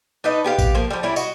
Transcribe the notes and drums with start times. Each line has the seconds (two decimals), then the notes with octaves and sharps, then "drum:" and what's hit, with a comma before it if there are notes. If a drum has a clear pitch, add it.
0.24 D4 D#4 B4 D#5
0.44 B3 G4 G#4 F5
0.59 drum: kick A#1, tambourine
0.75 F3 A#3
0.90 F3 G3
1.03 G3 C#4 E4 D5
1.16 F#4 D#5, drum: tambourine